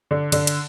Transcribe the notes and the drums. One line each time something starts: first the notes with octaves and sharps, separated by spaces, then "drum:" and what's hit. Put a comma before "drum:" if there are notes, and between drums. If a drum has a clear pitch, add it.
D3
D3, drum: cymbal
drum: cymbal